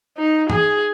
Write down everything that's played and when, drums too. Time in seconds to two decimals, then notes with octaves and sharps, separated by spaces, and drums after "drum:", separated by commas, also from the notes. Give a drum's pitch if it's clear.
0.18 D#4
0.50 G#4, drum: tom